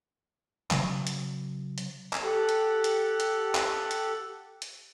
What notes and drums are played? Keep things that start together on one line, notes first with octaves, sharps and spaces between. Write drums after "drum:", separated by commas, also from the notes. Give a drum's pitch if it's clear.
C#3 F#3, drum: clap
drum: hi-hat
drum: hi-hat
drum: clap
G4 A4 F#5
drum: hi-hat
drum: hi-hat
drum: hi-hat
drum: clap
drum: hi-hat
drum: hi-hat